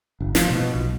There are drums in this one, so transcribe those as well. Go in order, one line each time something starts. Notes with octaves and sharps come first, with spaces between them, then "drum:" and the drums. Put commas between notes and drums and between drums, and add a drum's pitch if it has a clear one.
G1
F3, drum: snare
B2
B1